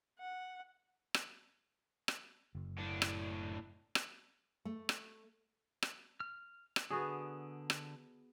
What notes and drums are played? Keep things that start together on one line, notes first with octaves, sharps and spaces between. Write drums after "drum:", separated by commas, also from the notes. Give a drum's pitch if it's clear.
F#5
drum: rim click
drum: rim click
F#1
A2 D4
drum: rim click
drum: rim click
A3
drum: rim click
drum: rim click
F6
drum: rim click
D3 B3 F#4 G#4
drum: rim click